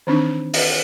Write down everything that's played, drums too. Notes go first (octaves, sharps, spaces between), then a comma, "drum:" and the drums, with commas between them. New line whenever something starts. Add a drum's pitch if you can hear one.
D#3 E3 C4 D4 D#4
drum: open hi-hat